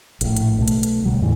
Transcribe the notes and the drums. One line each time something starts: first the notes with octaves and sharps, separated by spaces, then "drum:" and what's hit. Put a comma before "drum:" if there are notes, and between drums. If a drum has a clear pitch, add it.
A#1 A2, drum: hi-hat
drum: hi-hat
B1 B2 A3
drum: hi-hat
drum: hi-hat
D2 B2 F#3 G3
E2 A2 D3 E3